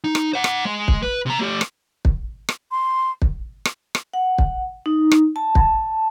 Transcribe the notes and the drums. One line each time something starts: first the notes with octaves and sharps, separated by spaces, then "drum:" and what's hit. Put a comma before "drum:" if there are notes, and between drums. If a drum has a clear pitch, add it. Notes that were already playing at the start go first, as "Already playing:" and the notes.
D#4
drum: rim click
C5 F#5
drum: rim click
G#3
drum: kick
B4
C3 A#5
A3 G4
drum: rim click
drum: kick
drum: rim click
C6
drum: kick
drum: rim click
drum: rim click
F#5
drum: kick
D#4
drum: rim click
A5
drum: kick